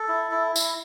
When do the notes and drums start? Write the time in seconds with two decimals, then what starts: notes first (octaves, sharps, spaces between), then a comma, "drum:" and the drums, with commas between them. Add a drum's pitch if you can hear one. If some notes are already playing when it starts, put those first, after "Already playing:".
Already playing: A4
0.08 E4
0.31 E4
0.56 E4, drum: tambourine